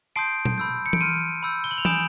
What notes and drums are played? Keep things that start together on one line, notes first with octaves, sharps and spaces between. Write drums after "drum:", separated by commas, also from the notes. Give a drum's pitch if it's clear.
A5 C6 D#6 G6 C7 D7
drum: tom
B5 E6 G6
C#7
D7, drum: tom E3
C6 F6 C#7 D#7
B5 E6 G6
G7
F#7
F7
G#5 B5 D#6 G6 D7 E7, drum: tom E3